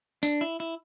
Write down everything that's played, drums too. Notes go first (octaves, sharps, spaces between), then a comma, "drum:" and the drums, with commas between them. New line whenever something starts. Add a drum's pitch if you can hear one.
D4, drum: tambourine
E4
E4